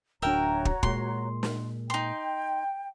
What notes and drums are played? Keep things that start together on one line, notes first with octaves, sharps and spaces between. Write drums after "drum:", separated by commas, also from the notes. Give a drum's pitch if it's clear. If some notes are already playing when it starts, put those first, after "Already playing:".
D1 D4 F#4 A#4 C#5 E5 G5 A#5
drum: kick
A#2 G#3 C6, drum: kick
drum: snare
D#4 G5 C6